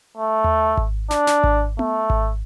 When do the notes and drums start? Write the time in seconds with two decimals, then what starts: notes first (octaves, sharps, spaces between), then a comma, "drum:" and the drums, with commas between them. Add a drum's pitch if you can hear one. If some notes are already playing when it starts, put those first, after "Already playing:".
0.17 A3
0.44 drum: tom D#2
0.77 drum: kick G#1
1.11 D4, drum: snare
1.27 drum: snare
1.44 drum: kick G#1
1.79 A3, drum: tom B3
2.10 drum: kick G#1